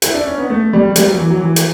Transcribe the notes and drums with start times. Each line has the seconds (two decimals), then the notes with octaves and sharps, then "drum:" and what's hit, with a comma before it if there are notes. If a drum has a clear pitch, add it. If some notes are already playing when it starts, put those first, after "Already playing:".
0.02 E4, drum: hi-hat
0.14 D4
0.26 C#4
0.38 B3
0.50 A3
0.73 G3
0.96 G3, drum: hi-hat
1.07 F#3
1.18 E3
1.30 F#3
1.41 E3
1.56 drum: hi-hat